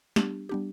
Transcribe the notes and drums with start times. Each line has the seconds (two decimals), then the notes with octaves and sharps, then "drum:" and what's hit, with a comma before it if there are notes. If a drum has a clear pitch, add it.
0.16 G3 B3 D4 G4, drum: snare
0.49 G3 B3 D4 G4